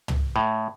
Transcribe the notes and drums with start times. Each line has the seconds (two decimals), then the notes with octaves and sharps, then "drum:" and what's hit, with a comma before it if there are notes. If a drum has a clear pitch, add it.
0.08 drum: tom
0.36 A2